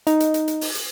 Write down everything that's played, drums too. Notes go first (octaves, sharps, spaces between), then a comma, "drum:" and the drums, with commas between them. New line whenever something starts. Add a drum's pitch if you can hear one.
D#4, drum: hi-hat
drum: hi-hat
drum: hi-hat
drum: hi-hat
drum: open hi-hat
drum: hi-hat